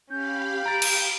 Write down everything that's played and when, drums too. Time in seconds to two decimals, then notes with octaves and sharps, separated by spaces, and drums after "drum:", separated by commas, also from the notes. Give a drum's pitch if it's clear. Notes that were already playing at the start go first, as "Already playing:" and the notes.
0.11 C#4 G4 F5 B5 G6
0.66 A#5 A6 D7
0.82 drum: cymbal